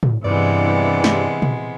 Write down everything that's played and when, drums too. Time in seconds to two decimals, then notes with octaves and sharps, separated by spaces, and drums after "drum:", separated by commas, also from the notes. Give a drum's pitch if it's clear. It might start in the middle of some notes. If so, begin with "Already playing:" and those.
0.03 drum: tom
0.25 G2 C3 E3 G#3 B3 D5
1.04 drum: snare
1.42 drum: tom